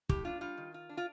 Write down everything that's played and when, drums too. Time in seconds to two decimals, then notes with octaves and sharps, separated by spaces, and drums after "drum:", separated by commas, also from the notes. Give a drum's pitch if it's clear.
0.09 A2 G4, drum: kick
0.25 D4 F4
0.41 G3 F4
0.57 D#3
0.74 F4
0.89 D4
0.97 F4